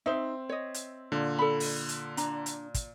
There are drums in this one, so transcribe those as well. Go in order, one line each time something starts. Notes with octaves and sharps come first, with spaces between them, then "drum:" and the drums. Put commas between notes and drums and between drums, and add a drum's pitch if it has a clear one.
C4 D#4 C5 E5
C#5 D#5
drum: hi-hat
A#2 D3
A4 B5
drum: open hi-hat
drum: hi-hat
D4 A#5, drum: hi-hat
drum: hi-hat
drum: kick, hi-hat